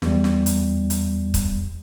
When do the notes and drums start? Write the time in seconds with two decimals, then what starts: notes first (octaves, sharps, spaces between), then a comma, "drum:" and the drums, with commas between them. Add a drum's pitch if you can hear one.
0.02 E2 G3, drum: snare
0.24 drum: snare
0.46 drum: hi-hat
0.90 drum: hi-hat
1.34 drum: kick, hi-hat